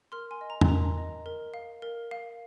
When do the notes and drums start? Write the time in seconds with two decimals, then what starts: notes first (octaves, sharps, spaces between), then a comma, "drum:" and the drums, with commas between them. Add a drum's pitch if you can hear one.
0.12 A#4 C6 F6
0.31 G#5 C6
0.41 D#5
0.50 A#5
0.61 C6, drum: tom
0.69 A#4 A#5
0.98 D#5
1.26 A#4
1.54 F5
1.82 A#4
2.11 F5